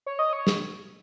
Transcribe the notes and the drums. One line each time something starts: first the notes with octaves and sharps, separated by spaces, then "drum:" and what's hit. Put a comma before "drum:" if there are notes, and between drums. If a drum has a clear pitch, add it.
C#5
D#5
C#5
drum: snare